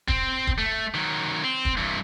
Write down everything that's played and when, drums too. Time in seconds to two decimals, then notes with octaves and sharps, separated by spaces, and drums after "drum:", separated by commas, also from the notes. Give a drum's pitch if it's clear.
0.08 C4, drum: kick
0.47 drum: kick
0.58 A3
0.94 D#3 F#3
1.44 C4
1.65 drum: kick
1.77 G2 E3